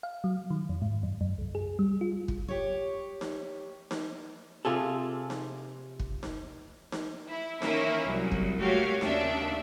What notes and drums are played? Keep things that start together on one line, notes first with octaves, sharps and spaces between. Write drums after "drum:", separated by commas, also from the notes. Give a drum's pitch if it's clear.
F5
F#3
D#3
F2
G#2
F#2
F#2
C2
G#4
G3
F4
drum: kick
G4 C#5
drum: snare D#4
drum: snare D#4
C3 F4 G#4 A4
drum: snare D#4
drum: kick
drum: snare D#4
drum: snare D#4
E4
D#3 E3 A#3 C#4 E4, drum: snare D#4
C2 F#3
drum: kick
A3 A#3 F#4 G4 C#5 F5
D#2 C#3 D4 E5, drum: snare D#4